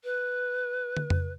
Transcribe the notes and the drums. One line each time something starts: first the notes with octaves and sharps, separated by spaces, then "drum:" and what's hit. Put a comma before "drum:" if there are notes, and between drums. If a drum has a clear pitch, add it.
B4
drum: tom
drum: tom F2